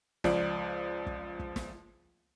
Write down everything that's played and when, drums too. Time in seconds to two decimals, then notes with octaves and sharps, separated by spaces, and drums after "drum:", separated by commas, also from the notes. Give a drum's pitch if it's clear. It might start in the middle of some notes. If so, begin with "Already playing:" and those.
0.24 C#2 F3 D5, drum: snare
1.06 drum: kick
1.39 drum: kick
1.56 drum: snare